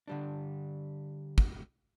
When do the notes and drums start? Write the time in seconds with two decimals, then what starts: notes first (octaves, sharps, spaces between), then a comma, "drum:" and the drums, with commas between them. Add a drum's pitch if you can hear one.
0.08 D3 G3 D4
1.38 drum: kick